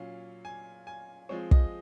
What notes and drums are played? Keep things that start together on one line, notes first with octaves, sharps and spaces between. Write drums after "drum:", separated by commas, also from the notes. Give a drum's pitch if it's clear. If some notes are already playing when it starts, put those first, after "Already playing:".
Already playing: A#2 F#3 C#4 F5
G#5
G#5
F3 G#3 C4 C#5
D#5, drum: kick